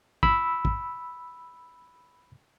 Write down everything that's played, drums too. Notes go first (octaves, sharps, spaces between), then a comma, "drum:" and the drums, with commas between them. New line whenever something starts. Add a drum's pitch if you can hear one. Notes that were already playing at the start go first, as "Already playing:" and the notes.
B5 E6, drum: kick
drum: kick